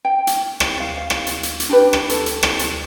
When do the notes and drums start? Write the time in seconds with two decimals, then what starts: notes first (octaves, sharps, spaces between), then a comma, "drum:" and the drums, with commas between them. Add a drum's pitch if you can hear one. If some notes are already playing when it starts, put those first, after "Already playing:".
0.05 G5
0.27 drum: hi-hat
0.60 drum: rim click
0.80 F5
0.97 F5
1.10 drum: rim click
1.27 drum: hi-hat
1.43 drum: hi-hat
1.60 drum: hi-hat
1.69 D4 G4 B4
1.93 drum: rim click
2.09 A4, drum: hi-hat
2.26 drum: hi-hat
2.43 drum: rim click
2.59 drum: hi-hat